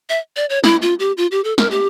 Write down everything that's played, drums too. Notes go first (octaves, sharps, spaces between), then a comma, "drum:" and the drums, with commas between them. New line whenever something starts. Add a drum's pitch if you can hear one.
E5
D5
C#5
E4, drum: snare
F4
G4
F4
G4
A4
A#4, drum: snare
G4